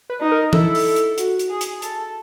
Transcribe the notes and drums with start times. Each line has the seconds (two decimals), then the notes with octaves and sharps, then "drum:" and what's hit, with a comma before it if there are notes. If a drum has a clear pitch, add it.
0.10 B4
0.20 D#4
0.32 A#4
0.53 E4 A4, drum: tom E3
0.75 drum: open hi-hat
0.96 drum: hi-hat
1.18 F#4, drum: hi-hat
1.39 drum: hi-hat
1.50 G#4
1.61 drum: hi-hat
1.82 A4, drum: hi-hat